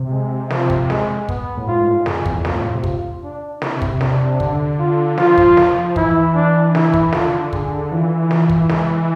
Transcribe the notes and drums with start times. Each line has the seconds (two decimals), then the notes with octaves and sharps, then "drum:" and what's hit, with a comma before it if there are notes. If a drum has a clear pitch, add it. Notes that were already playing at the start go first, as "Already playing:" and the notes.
Already playing: C3
0.11 G#3
0.50 F3, drum: snare
0.70 drum: kick
0.90 G#3, drum: snare
1.29 B3, drum: kick
1.57 A2
1.67 G#2 F4
1.81 G#2
1.88 A2
1.94 G#2
2.06 F2 G#4, drum: snare
2.26 E2, drum: kick
2.45 F2 F4, drum: snare
2.55 A2
2.75 C3
2.84 F4, drum: kick
3.24 D4
3.62 C3 E4, drum: snare
3.82 drum: kick
4.01 D4, drum: snare
4.40 D3, drum: kick
4.79 F4
5.18 F3 F4, drum: snare
5.38 drum: kick
5.57 drum: snare
5.96 E3 E4, drum: kick
6.35 D4
6.75 E4, drum: snare
6.94 drum: kick
7.12 D3 F4, drum: snare
7.53 G#4, drum: kick
7.90 E3 F4
8.31 F4, drum: snare
8.50 drum: kick
8.69 G#3, drum: snare